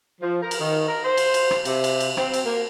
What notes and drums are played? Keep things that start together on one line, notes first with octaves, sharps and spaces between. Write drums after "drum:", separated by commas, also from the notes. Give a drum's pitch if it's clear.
F3
A#4
drum: cymbal
D#3
A#4
C5
drum: cymbal
drum: cymbal
drum: rim click
C3, drum: cymbal
drum: cymbal
drum: cymbal
C4, drum: rim click
drum: cymbal
A#3